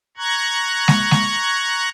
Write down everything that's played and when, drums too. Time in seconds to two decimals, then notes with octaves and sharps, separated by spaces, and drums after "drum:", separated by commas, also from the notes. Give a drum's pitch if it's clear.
0.17 A#5 C#6 F#6 G#6
0.88 drum: snare G#3
1.11 drum: snare G#3